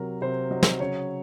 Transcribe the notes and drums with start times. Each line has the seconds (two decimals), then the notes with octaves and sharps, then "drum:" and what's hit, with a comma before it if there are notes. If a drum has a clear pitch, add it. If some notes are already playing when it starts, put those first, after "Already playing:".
Already playing: C3 F#3 A#4
0.21 C3 C5
0.51 F#3 D#5
0.63 drum: snare
0.80 C#3 C#5